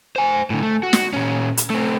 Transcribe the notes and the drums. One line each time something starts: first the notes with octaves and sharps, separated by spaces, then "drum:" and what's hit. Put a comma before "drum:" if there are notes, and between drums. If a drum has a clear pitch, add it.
C5 G#5
A2 D3
A3
F#4
drum: snare
A#2 C#4
drum: hi-hat
A3 C4